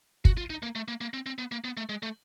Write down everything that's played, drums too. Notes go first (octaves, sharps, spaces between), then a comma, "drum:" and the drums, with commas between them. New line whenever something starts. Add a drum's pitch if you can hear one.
F#4, drum: kick
F4
D#4
A#3
A3
A#3
A#3
C4
C4
B3
A#3
B3
A3
G#3
A3